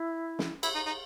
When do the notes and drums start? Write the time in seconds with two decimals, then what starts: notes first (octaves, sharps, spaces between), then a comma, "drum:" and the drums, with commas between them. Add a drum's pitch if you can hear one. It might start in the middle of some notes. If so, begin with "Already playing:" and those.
Already playing: E4
0.39 drum: snare
0.63 E4, drum: cymbal
0.75 D#4
0.86 D#4